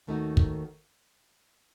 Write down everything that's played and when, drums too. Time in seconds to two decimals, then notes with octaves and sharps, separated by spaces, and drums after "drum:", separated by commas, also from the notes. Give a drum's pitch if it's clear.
0.07 D#2 D#3 A3 D#4 F#4
0.37 drum: kick